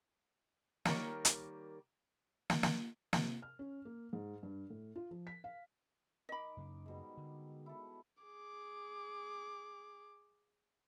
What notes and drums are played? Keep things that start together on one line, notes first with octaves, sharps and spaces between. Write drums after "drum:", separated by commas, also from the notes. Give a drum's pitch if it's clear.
D#3 G3 A#3 A#4 C#5, drum: snare
drum: hi-hat
drum: snare
drum: snare
C3, drum: snare
F6
C#4
A#3
G#2
G2
A2
F4
F3
B6
F5
D#3 D#5 B5 D6
F#2 C#3 A#3
G#2 B2 G3
D3
E4 A4
G#4 D6